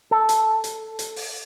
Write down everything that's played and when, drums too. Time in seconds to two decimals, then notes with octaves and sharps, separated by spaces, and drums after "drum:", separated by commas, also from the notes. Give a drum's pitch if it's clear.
0.11 A4
0.29 drum: hi-hat
0.64 drum: hi-hat
0.99 drum: hi-hat
1.16 drum: open hi-hat